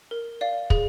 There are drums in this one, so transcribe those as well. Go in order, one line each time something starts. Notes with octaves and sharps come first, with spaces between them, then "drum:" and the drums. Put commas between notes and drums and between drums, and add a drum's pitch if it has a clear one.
A#4
D5 F5
G#4, drum: kick